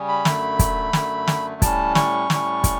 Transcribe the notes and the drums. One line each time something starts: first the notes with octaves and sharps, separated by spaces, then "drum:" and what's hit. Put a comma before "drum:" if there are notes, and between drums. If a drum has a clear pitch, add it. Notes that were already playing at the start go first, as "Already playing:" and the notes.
Already playing: C#3 G3 C#4
B5
F#2 D3 A3, drum: snare
drum: kick, hi-hat
F#2 D3 A3, drum: snare
drum: snare
A2 G3 C#4 A5, drum: kick, hi-hat
C#6, drum: snare
A2 G3 C#4, drum: snare
drum: kick, hi-hat